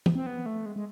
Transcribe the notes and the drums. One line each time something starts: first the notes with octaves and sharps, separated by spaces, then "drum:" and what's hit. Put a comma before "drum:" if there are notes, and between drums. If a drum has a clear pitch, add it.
drum: tom
C4
B3
A3
G#3
G#3